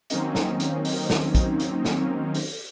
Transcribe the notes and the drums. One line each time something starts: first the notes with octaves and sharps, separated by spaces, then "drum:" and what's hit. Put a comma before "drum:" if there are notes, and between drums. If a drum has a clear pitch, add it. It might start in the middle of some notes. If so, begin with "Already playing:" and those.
D#3 F#3 A#3 C4 C#4 D#4, drum: hi-hat
drum: snare
drum: hi-hat
drum: open hi-hat
drum: snare
drum: kick, hi-hat
drum: hi-hat
drum: snare
drum: open hi-hat